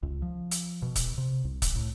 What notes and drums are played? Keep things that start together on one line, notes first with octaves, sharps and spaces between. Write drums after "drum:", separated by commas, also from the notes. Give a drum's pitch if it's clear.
C#2
F3
drum: hi-hat
B2
drum: kick, hi-hat
C3
C2
drum: kick, hi-hat
A2